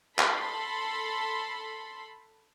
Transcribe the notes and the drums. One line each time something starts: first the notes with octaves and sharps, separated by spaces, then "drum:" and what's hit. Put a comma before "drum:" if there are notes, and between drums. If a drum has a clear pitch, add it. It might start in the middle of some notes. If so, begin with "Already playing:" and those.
A4 B5 C6, drum: clap